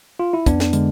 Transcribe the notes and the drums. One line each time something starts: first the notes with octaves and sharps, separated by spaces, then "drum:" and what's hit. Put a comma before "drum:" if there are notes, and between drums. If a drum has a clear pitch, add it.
F4
E4
F2 B3 D4, drum: kick, hi-hat
drum: snare
D3 G#3, drum: hi-hat